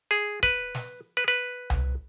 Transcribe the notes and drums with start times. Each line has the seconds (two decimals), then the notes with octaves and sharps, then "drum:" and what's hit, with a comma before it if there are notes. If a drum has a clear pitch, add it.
0.11 G#4
0.43 B4, drum: kick
0.75 drum: snare
1.17 B4
1.28 B4
1.70 drum: tom C2